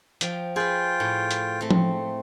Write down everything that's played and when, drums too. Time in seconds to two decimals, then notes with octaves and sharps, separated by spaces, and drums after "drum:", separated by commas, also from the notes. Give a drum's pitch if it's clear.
0.21 F3 G5, drum: hi-hat
0.56 F4 G#4 B4 G5
1.00 A2
1.31 drum: hi-hat
1.61 A3 C4
1.71 drum: tom F3